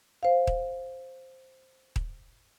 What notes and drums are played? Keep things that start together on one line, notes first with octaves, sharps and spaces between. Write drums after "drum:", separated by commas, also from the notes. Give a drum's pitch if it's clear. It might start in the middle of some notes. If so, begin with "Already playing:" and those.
C5 F5
drum: kick D#1
drum: kick D#1